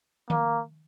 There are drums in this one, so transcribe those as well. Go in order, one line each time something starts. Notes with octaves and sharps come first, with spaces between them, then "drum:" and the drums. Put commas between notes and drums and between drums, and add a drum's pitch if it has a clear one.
A#3, drum: tom D#3